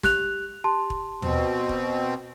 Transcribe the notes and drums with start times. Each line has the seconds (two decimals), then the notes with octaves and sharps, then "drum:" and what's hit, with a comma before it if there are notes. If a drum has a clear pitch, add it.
0.03 G4 F#6 F7, drum: snare
0.64 G4 A5 C6
0.90 drum: kick
1.22 B2 C4, drum: tom
1.69 drum: kick